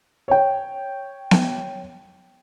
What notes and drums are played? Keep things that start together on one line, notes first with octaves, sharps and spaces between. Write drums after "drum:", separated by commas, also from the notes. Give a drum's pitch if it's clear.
C#5 G5
drum: snare B3